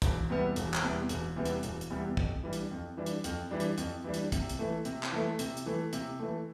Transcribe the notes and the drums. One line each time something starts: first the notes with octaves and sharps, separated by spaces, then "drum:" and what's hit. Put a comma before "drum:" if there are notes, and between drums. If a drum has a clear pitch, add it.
E1, drum: kick, hi-hat
E2 C3 G3 B3
E1, drum: hi-hat
drum: clap
E2 C3 G3 B3
E1, drum: hi-hat
E2 C3 G3 B3
drum: hi-hat
E1, drum: hi-hat
drum: hi-hat
E2 C3 G3 B3
F2, drum: kick
E3 G3 D4
drum: hi-hat
F2
E3 G3 D4
drum: hi-hat
F2, drum: hi-hat
E3 G3 D4
drum: hi-hat
F2, drum: hi-hat
E3 G3 D4
drum: hi-hat
C3, drum: kick, hi-hat
drum: hi-hat
E3 A3
C3, drum: hi-hat
drum: clap
E3 A3
C3, drum: hi-hat
drum: hi-hat
E3 A3
C3, drum: hi-hat
E3 A3